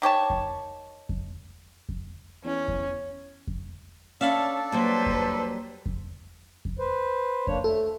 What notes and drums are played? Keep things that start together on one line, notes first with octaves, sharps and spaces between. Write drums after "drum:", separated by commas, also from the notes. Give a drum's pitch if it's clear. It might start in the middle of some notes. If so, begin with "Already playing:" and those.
D#3 G4 C#5 A5
drum: kick F2
drum: kick F2
drum: kick F2
E2 C#4
drum: kick F2
drum: kick F2
C#4 D4 A4 C#5 D5 E5 F5 B5
F#3 G3 A#3 B4 C5
drum: kick F2
drum: kick F2
drum: kick F2
B4 C5
A#3 D4 C#5, drum: kick F2
A3 A4